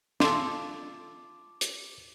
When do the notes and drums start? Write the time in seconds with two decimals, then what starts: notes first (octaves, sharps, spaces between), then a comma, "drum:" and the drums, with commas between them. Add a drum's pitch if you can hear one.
0.20 F4 A4 D6, drum: snare
1.61 drum: hi-hat